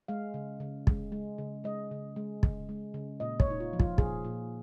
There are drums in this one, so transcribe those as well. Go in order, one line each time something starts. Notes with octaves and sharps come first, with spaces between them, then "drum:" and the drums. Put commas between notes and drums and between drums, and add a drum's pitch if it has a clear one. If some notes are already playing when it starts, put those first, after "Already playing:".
G#3 F5
C#3
C#3
G#3, drum: kick
G#3
C#3
G#3 D#5
C#3
G#3
C#3, drum: kick
G#3
C#3
A#2 D#5
C#5, drum: kick
A#2 D#4
F4
F3
F4, drum: kick
A#2 G#4, drum: kick
A#2